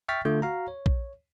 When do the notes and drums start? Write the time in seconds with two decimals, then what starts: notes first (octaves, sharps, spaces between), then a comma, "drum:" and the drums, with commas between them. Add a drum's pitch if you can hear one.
0.08 E5 G5 C#6 F6 A6 B6
0.25 D3 A3 F4 G6
0.42 F#4 F5 A#5
0.68 C#5
0.86 drum: kick